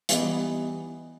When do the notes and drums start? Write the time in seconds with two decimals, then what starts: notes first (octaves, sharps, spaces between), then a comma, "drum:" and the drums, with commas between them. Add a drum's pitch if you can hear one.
0.09 E3 G3 B3 D#4, drum: hi-hat